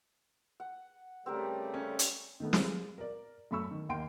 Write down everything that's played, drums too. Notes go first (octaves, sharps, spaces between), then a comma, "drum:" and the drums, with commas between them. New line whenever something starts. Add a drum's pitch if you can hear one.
F#5
C#3 G3 A3 C4 G4 A#4
C#4
drum: hi-hat
D#3 A3 B3
G#3, drum: snare
A#4 D5
F#2 A3 B5 C#6 E6
D#3
D#2 D#3 A#3 G5 C6 D7